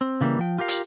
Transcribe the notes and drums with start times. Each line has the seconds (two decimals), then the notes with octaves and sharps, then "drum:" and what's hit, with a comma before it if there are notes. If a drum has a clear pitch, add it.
0.01 C4
0.21 C#3 E3 G3 G#3 A#3
0.39 F3 G5
0.58 F4 G4 A#4 F5
0.68 drum: hi-hat